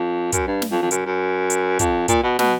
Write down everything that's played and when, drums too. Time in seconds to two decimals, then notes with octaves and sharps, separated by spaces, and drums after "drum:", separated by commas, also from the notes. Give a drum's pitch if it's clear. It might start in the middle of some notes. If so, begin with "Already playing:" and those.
Already playing: F2
0.32 F#2, drum: kick, hi-hat
0.47 G2
0.62 drum: snare
0.71 F2
0.82 F2
0.91 F#2, drum: hi-hat
1.06 F#2
1.50 drum: hi-hat
1.79 F2, drum: kick, hi-hat
2.08 A#2, drum: kick, hi-hat
2.24 B2
2.39 B2, drum: snare